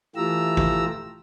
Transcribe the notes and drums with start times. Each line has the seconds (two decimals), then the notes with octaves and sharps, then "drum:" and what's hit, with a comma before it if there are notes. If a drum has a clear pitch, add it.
0.16 E3 A3 F4 G4 A#5 E6
0.57 drum: kick G#1